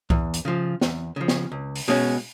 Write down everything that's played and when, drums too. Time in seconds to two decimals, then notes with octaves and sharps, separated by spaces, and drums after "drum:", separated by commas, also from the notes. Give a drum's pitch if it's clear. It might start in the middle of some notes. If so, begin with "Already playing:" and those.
0.10 E2, drum: kick C2
0.34 drum: hi-hat
0.45 C#3 F3
0.81 E2, drum: snare
1.16 C#3 F3
1.28 drum: snare
1.52 C#2
1.75 drum: open hi-hat
1.88 B2 G#3 C#4